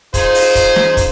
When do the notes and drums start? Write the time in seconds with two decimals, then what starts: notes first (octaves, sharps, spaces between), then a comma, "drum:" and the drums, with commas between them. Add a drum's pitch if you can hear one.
0.14 D#4 F4 G#4 C5, drum: kick, hi-hat
0.35 drum: open hi-hat
0.55 drum: kick, hi-hat
0.76 drum: snare
0.97 drum: kick, hi-hat